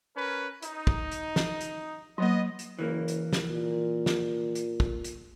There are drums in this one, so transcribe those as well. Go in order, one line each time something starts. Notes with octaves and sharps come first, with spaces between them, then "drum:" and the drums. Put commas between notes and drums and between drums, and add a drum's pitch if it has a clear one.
C#4 A#4 B4
D#4, drum: hi-hat
drum: kick
drum: hi-hat
drum: snare
drum: hi-hat
F#3 A#3 B3 D#5
drum: hi-hat
F#1 E3 A#3
drum: hi-hat
drum: snare
A#2
drum: snare
drum: hi-hat
drum: kick
drum: hi-hat